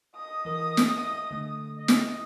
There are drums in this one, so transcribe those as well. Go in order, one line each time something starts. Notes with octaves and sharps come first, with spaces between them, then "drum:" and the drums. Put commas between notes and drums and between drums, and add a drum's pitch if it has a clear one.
D#5 D#6
E3 A#4
drum: snare
E5
D3 A3
D#5
drum: snare